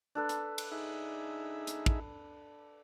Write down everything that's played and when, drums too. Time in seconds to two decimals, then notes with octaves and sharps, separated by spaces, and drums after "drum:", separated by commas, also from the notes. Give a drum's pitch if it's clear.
0.15 D4 A4 B4
0.29 drum: hi-hat
0.58 drum: cymbal
0.72 D#4 G#4 E5
1.67 drum: hi-hat
1.86 drum: kick